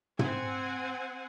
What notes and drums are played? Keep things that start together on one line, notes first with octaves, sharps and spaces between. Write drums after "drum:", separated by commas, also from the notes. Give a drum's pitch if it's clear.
C4 F#5 G#5, drum: tom